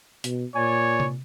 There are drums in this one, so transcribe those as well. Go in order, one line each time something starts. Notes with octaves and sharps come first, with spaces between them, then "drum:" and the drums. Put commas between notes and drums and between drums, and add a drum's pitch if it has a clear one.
B2, drum: hi-hat
A#2 C#5 D5 G#5
drum: tom C3